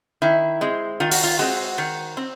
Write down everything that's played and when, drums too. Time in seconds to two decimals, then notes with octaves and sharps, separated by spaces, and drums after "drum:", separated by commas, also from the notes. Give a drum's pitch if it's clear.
0.22 D#3 E4
0.61 G#3 C4
1.00 D#3 F4
1.11 F#4, drum: open hi-hat
1.24 F4
1.39 G#3 C4 F#4
1.78 D#3
2.17 C4